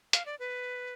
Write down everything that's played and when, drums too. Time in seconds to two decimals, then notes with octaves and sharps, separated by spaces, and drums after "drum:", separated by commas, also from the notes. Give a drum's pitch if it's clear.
0.13 F5, drum: hi-hat
0.26 D5
0.39 B4